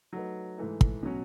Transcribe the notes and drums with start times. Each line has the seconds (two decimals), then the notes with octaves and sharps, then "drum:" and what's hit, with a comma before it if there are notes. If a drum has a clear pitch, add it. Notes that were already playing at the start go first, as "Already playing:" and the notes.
0.13 F#3 A3 D#4 F#4 B4
0.58 G#2 E3 A3
0.81 drum: kick
1.03 B2 F#3 C#4